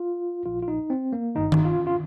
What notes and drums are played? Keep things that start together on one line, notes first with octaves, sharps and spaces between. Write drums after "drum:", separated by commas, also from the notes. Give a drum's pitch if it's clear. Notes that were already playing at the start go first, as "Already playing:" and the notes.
Already playing: F4
A#1 A#2 F3 F4
F4
D#4
C4
A#3
G1 G2 D#3 D#4
drum: tom D#3
F4
F4